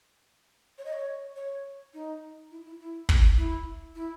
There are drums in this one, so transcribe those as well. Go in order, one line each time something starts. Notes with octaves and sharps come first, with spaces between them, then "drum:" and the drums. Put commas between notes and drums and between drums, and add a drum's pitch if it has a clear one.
C#5
D#5
C#5
C#5
D#4
E4
E4
E4
drum: kick
E4
E4